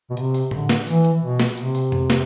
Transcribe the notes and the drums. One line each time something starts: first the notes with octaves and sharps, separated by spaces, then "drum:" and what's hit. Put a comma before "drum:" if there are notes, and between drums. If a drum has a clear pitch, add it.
B2
C3, drum: hi-hat
drum: open hi-hat
D3, drum: tom A2
drum: snare
E3, drum: open hi-hat
drum: hi-hat
B2
drum: snare
C3, drum: hi-hat
drum: open hi-hat
drum: tom F2
drum: snare